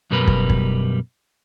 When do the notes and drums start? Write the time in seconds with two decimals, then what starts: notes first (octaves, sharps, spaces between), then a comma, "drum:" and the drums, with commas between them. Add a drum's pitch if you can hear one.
0.11 F#2 B2 G3 A#4 B4
0.27 drum: kick
0.50 drum: kick